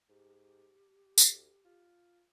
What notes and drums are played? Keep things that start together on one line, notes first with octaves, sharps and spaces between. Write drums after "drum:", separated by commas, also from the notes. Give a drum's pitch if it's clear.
G#2 G4
D2, drum: tambourine
F4